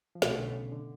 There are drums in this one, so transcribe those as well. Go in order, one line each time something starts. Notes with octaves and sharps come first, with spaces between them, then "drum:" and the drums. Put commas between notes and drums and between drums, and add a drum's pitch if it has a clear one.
F3
B1 B2 D3 A3 C#4, drum: snare
D3
B2
C#3
D3